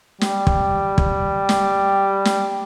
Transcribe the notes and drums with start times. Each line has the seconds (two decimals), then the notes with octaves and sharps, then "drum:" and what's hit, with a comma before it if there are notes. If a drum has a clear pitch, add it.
0.21 G3, drum: snare
0.47 drum: kick
0.98 drum: kick
1.49 drum: snare
2.25 drum: snare